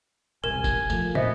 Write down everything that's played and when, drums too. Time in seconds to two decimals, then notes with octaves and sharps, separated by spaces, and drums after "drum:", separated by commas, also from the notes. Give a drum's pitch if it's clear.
0.44 E1 C2 C3 A#4 G#5 E7
0.64 drum: kick F#1, tambourine
0.90 F3 A3, drum: tambourine
1.15 E2 A#2 B3 C5 D#5 E5, drum: tom